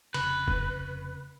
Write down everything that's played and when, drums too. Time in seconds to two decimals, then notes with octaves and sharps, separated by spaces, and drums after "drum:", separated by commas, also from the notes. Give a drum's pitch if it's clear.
0.14 F1 C#3 B4, drum: cymbal
0.48 drum: kick E1